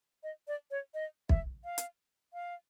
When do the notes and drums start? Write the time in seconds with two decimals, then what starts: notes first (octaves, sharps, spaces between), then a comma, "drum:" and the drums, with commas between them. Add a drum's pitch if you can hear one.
0.23 D#5
0.48 D5
0.71 C#5
0.94 D#5
1.29 E5, drum: kick
1.64 F5
1.78 drum: hi-hat
2.34 F5